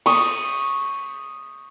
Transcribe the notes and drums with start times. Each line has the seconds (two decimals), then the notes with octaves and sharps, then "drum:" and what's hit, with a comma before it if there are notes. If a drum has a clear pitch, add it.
0.06 C#6 D#6, drum: open hi-hat